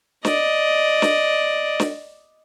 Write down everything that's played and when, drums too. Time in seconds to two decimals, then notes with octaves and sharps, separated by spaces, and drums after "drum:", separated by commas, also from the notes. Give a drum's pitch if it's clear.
0.25 D5 D#5, drum: snare
1.02 drum: snare
1.80 drum: snare